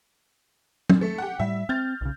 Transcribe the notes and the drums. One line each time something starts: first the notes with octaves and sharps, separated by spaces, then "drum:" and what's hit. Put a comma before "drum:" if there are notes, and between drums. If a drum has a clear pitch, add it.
drum: tom
A3 A4
G4 F#5
A2 G3 E5
C4 F6 G6 A6
B1 C#3